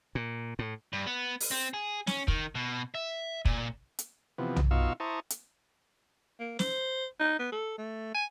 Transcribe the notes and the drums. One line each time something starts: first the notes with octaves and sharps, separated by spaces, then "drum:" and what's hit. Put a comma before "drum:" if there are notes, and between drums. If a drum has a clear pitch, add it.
A#2
A2
G2
B3
drum: open hi-hat
C4
G#4
C#4, drum: snare
D#3, drum: kick
B2
E5
A#2, drum: kick
drum: hi-hat
C3 E3 F3 B3
drum: tom B1
B2 D#4 F4 F5 C#6 E6
E4 C5 A5 A#5 C#6 D#6
drum: hi-hat
A#3
C5, drum: snare
D#4
B3
A4
A3
G#5